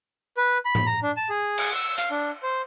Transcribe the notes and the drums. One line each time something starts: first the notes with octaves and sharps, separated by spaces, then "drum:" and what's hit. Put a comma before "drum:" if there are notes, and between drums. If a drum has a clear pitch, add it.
B4
B5
drum: tom A2
A#5
D4
A5
G#4
drum: cymbal
E6
F5, drum: hi-hat
D4
C5